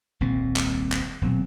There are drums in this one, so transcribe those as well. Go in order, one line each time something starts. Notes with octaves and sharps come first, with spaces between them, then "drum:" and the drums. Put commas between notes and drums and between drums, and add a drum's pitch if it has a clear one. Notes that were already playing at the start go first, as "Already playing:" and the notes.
D#1 C2 A#2 C4
drum: clap
drum: clap
D#1 B2 F#3 C4